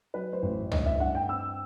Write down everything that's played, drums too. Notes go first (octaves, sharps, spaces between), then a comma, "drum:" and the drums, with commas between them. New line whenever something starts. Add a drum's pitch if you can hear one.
F#3 B4
C5
A1
G2 D#5, drum: tom
E5
G2 F#5
G5
C4 E6